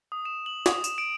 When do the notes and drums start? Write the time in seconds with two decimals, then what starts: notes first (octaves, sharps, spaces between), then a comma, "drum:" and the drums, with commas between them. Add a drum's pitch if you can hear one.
0.12 D#6
0.25 E7
0.46 F#7
0.66 D#6, drum: snare
0.84 E7, drum: tambourine
0.98 D7